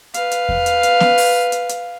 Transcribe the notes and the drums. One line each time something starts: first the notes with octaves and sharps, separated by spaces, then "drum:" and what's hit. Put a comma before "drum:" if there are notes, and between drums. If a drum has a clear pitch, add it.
B4 F5, drum: hi-hat
drum: hi-hat
drum: kick E2
drum: hi-hat
drum: hi-hat
drum: snare B3
drum: open hi-hat
drum: hi-hat
drum: hi-hat